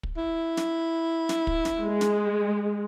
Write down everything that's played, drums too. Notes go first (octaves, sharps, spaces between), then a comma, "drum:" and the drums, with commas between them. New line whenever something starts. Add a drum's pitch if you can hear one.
drum: kick
E4
drum: snare
drum: snare
drum: kick
drum: snare
G#3
drum: snare